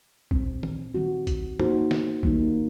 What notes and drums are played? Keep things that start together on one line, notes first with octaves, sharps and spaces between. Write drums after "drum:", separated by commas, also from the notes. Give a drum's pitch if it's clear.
A#2 G3 C4, drum: kick
drum: tom D#3
D#3 G3 C4 F#4
drum: kick, hi-hat
A#3 D#4 F#4 C5, drum: tom G#2
drum: snare
D#3 G3 A#3 D#4, drum: kick